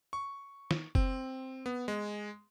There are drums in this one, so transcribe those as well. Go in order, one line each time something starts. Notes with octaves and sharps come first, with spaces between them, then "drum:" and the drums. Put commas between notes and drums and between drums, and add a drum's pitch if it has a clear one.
C#6
drum: snare
C4, drum: kick F#1
B3
G#3